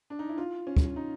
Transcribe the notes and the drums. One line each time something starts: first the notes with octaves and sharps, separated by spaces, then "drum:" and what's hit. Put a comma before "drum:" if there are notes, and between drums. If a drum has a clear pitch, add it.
D4
D#4
E4
F4
C#4
drum: kick
D#4